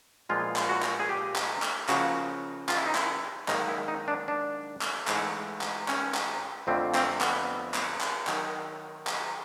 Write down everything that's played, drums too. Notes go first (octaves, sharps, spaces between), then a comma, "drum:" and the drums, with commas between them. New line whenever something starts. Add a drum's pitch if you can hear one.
A#2 F3 G#3 B3 F4
drum: clap
F#4
drum: clap
G#4
G4
drum: clap
drum: clap
C#3 F3 A#3 F#4, drum: clap
F4, drum: clap
E4
D#4
E4, drum: clap
G#2 D#3 F#3 A#3 D#4, drum: clap
E4
D#4
D4
D4
drum: clap
G#2 E3 A3, drum: clap
drum: clap
C#4, drum: clap
drum: clap
F2 D3 F3 A3 C4
C4, drum: clap
B3, drum: clap
drum: clap
drum: clap
D#3 F#3, drum: clap
drum: clap